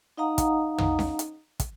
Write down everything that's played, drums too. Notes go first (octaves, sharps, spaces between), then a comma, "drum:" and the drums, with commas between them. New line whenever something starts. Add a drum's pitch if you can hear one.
D#4 D#5 F5 F#5 A#5 D#6
drum: kick, hi-hat
drum: tom
drum: snare C#4
drum: hi-hat
drum: kick, hi-hat